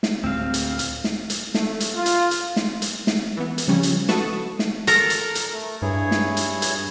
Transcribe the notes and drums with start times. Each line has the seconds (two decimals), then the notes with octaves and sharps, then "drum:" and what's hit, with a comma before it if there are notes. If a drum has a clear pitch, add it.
0.03 drum: snare
0.24 D2 A2 C4 F5
0.54 drum: hi-hat
0.79 drum: hi-hat
1.04 drum: snare
1.30 drum: hi-hat
1.54 A3, drum: snare
1.80 drum: hi-hat
1.95 F4
2.06 drum: hi-hat
2.31 drum: hi-hat
2.56 drum: snare
2.82 drum: hi-hat
3.07 drum: snare
3.37 E3 B3
3.58 drum: hi-hat
3.68 C#3 F3 G3 C#4 G4
3.83 drum: hi-hat
4.09 F#4 A4 B4 A5 C#6 D#6, drum: snare
4.59 drum: snare
4.87 A4 A#4 A#5, drum: hi-hat
5.10 drum: hi-hat
5.35 drum: hi-hat
5.53 A3
5.82 G2 E4 G#4 C#5
6.11 drum: snare
6.37 drum: hi-hat
6.62 drum: hi-hat